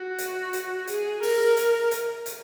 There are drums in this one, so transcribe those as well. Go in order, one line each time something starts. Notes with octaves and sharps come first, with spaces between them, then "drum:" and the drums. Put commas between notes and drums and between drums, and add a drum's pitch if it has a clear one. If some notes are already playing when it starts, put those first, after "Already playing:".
Already playing: F#4
drum: hi-hat
drum: hi-hat
G#4, drum: hi-hat
A#4, drum: open hi-hat
drum: hi-hat
drum: hi-hat
drum: hi-hat